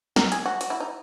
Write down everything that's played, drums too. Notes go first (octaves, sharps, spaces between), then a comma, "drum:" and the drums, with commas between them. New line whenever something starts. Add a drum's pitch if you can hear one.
A#4, drum: snare
G#4, drum: hi-hat
F#4
F#4, drum: hi-hat
E4
D#4